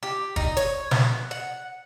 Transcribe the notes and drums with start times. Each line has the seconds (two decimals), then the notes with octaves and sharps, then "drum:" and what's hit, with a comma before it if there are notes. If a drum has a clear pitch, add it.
0.03 G4
0.36 D#4, drum: kick
0.57 C#5, drum: hi-hat
0.91 B3, drum: snare
1.31 F#5